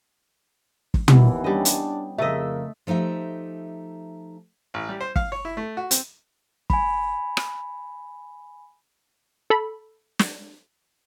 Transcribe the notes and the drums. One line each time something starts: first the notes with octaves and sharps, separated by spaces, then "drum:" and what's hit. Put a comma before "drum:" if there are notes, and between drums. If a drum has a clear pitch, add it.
drum: kick
D#2 E3 B3 E4, drum: tom
G3 C#4 D4 D#5
drum: hi-hat
F2 C#3 A3 G#4 A#4 D#5 E5
F3 A3 D#4 G4 E5
A1
G3
C5
F5, drum: kick
C#5
E4
A3
F#4
C4, drum: hi-hat
G#5 B5, drum: kick
drum: rim click
A4 B5
drum: snare